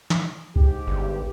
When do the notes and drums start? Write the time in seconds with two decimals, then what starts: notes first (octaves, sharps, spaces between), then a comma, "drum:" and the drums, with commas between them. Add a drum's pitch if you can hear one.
0.10 drum: snare
0.56 G#2 G4, drum: kick
0.87 G1